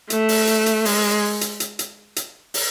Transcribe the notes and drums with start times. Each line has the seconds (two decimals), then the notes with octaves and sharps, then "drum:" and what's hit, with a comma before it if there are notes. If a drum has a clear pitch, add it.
0.10 A3, drum: hi-hat
0.29 drum: open hi-hat
0.47 drum: hi-hat
0.66 drum: hi-hat
0.85 G#3, drum: open hi-hat
1.41 drum: hi-hat
1.60 drum: hi-hat
1.79 drum: hi-hat
2.16 drum: hi-hat
2.54 drum: open hi-hat